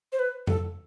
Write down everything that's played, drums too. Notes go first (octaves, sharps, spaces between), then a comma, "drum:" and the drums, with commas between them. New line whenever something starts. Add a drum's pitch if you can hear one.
C5
B4
A4, drum: tom F2